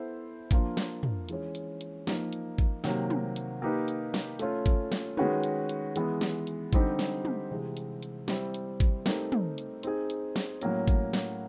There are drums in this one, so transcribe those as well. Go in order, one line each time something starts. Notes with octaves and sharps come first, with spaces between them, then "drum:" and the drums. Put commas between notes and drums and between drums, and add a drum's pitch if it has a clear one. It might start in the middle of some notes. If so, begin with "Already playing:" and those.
Already playing: B3 E4 A4 C5
F3 A#3 D4 F4, drum: kick G#1, hi-hat
drum: snare
drum: tom
E3 G#3 C#4, drum: hi-hat
drum: hi-hat
drum: hi-hat
F3 A#3 D#4, drum: snare
drum: hi-hat
drum: kick G#1
C3 D#3 F#3 A#3, drum: snare
drum: tom
drum: hi-hat
A#3 D#4 G4 B4
drum: hi-hat
drum: snare
A3 C#4 F4, drum: hi-hat
drum: kick G#1, hi-hat
drum: snare
D#3 G#3 C#4 F#4 B4, drum: tom
drum: hi-hat
drum: hi-hat
E3 G#3 B3, drum: hi-hat
drum: snare
drum: hi-hat
D3 G3 C4 D#4 G4, drum: kick G#1, hi-hat
drum: snare
drum: tom
C3 E3 G#3
drum: hi-hat
drum: hi-hat
G3 C4 E4, drum: snare
drum: hi-hat
drum: kick G#1, hi-hat
A3 C4 D#4 G4 A#4, drum: snare
drum: tom
drum: hi-hat
C4 D#4 G#4, drum: hi-hat
drum: hi-hat
drum: snare
A2 F#3 A#3 C#4, drum: hi-hat
drum: kick G#1, hi-hat
drum: snare